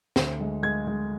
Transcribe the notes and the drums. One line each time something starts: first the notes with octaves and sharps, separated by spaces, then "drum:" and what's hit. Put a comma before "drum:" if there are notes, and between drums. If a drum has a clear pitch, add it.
D2, drum: snare
G#3
G#3 G#6
G#3